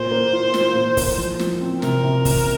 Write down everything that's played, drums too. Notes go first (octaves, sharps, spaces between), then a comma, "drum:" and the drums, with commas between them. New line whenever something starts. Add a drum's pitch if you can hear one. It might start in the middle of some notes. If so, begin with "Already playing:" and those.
Already playing: A#2 C5
A#3
F4
F4, drum: snare
A#2
A#3, drum: kick, open hi-hat
F3
F3, drum: snare
C4
C3 A#4, drum: snare
C3
C3, drum: kick, open hi-hat